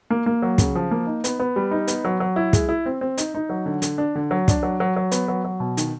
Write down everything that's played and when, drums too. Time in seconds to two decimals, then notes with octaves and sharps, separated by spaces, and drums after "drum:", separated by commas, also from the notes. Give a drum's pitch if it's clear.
0.10 A#3
0.26 A#3
0.42 F#3
0.58 C#3, drum: kick, hi-hat
0.75 F3
0.91 A#3
1.07 D#4
1.24 B3, drum: hi-hat
1.40 B3
1.56 G3
1.71 D#4
1.88 B3, drum: hi-hat
2.05 F#3
2.20 F#3
2.36 E4
2.53 G#3, drum: kick, hi-hat
2.69 E4
2.86 C4
3.01 C4
3.18 D#4, drum: hi-hat
3.34 D#4
3.50 F#3
3.66 D3
3.82 D3, drum: hi-hat
3.98 D4
4.15 D3
4.31 F#3
4.48 D4, drum: kick, hi-hat
4.63 F#3
4.80 F#3
4.96 F#3
5.12 B3, drum: hi-hat
5.28 F#3
5.45 F#3
5.60 B2
5.77 D#3, drum: hi-hat